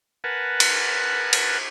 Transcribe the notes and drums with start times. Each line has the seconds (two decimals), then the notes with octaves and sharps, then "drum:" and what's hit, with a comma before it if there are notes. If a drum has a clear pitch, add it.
0.24 A#4 B4 F#5 G#5 A5
0.60 drum: cymbal
1.33 drum: cymbal